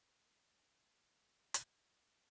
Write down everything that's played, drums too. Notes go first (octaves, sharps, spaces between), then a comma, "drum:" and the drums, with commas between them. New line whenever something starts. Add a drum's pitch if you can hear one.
D#4
drum: hi-hat
G#1 F2 A#4 D#5 A6